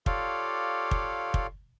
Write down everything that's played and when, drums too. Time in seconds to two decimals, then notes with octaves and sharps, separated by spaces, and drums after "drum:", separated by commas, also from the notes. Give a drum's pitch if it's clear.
0.06 F4 G4 A4 C#5 D5 F5, drum: kick
0.91 drum: kick
1.34 drum: kick